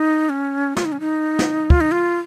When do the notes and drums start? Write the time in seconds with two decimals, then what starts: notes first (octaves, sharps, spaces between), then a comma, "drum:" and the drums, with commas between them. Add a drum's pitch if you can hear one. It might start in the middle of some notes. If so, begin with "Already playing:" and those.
Already playing: D#4
0.30 C#4
0.77 F4, drum: snare
0.85 D#4
0.92 C#4
1.00 D#4
1.39 drum: snare
1.70 F4, drum: kick
1.81 D#4
1.92 F4